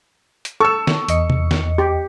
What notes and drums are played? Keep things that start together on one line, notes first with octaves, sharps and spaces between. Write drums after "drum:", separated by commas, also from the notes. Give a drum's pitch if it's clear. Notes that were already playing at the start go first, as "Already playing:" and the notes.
drum: hi-hat
A4 C#6 E6
drum: snare
E2 D#5 C#7, drum: hi-hat
drum: tom
drum: snare
G4